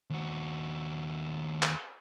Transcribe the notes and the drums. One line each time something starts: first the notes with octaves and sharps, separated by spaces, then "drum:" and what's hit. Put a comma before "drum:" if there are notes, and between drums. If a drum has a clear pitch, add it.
D#2 F#4
drum: clap